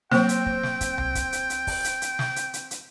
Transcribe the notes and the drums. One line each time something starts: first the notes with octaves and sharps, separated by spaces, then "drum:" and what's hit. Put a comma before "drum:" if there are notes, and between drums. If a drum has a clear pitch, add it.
F#3 A#3 C4 G5, drum: snare
drum: hi-hat
drum: kick
drum: snare
drum: kick, hi-hat
drum: tom C2
drum: kick, hi-hat
drum: hi-hat
drum: hi-hat
drum: kick, open hi-hat
drum: hi-hat
drum: hi-hat
drum: snare
drum: hi-hat
drum: hi-hat
drum: hi-hat